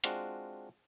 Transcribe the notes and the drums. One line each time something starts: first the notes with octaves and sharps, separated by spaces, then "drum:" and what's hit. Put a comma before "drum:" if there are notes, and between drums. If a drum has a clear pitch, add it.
G#3 C4 D4 F4 F#4, drum: hi-hat